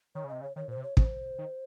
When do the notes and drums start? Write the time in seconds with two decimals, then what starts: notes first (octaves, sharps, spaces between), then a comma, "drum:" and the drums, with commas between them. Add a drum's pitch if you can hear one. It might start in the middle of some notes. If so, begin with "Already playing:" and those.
0.15 D#3 C#5
0.24 C#3
0.29 C3 D#5
0.41 C#3 C#5
0.56 D#3 C#5
0.68 A#2 C5
0.77 C3
0.83 C#5
0.97 C#3 C5, drum: kick
1.38 D#3